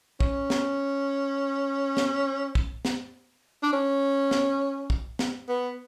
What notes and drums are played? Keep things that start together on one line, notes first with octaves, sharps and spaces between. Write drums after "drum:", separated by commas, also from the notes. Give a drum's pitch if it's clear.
C#4, drum: kick
drum: snare
drum: snare
drum: kick
drum: snare
D4
C#4
drum: snare
drum: kick
drum: snare
B3